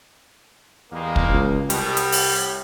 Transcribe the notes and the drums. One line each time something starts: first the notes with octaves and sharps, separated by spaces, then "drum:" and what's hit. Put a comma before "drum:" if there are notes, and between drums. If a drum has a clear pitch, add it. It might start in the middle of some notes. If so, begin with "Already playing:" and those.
E2 G3 G#3 A#3
drum: kick
C#2
C2 B2 G3, drum: hi-hat
drum: hi-hat
A2, drum: open hi-hat